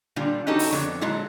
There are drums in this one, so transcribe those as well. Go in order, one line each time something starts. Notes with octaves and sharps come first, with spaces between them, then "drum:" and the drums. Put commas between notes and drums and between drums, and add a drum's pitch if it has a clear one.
A#2 D3 G3 D4 F4
C#4 D#4 F#4 G4 A4
drum: open hi-hat
F2 D3 B3 C#5
A#2 F#3 G#3 E4 F4 A4